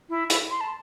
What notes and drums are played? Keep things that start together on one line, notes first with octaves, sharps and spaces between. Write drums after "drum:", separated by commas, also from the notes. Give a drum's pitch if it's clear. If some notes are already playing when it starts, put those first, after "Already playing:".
E4
E4, drum: hi-hat
C6
A5